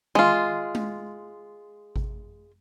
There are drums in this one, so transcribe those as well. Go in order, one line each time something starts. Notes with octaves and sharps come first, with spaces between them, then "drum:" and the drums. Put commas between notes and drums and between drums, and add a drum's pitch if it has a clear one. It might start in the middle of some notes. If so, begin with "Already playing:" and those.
G#3 F4, drum: tom
drum: tom G#3
drum: kick G#1